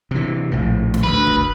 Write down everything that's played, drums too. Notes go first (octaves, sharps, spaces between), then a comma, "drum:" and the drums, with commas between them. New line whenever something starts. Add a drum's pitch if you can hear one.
C3 E3
A#1 A2
drum: snare
D2 B4
drum: kick